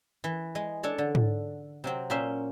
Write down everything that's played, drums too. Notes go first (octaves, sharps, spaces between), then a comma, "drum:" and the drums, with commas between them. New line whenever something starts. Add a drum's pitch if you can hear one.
E3
G#3
D4 A4 C#5 D5
D3
drum: tom G#2
C3 F#3 C4
A#2 A#3 C#4 C5 E5 C6